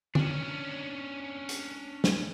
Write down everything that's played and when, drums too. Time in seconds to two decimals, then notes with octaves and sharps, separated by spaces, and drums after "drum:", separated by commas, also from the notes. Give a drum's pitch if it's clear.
0.15 C#4 D4, drum: tom
1.49 drum: hi-hat
2.04 drum: snare